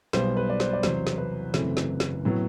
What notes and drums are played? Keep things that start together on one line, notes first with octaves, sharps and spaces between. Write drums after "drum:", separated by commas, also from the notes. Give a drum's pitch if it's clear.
B1 B2 G3 B3 C5, drum: snare
B4
D5
C5, drum: snare
D5
E2 C3 F#3 C5, drum: snare
drum: snare
B4
F#1 F#2 E3 A3 C4, drum: snare
drum: snare
drum: snare
A2 F#3 B3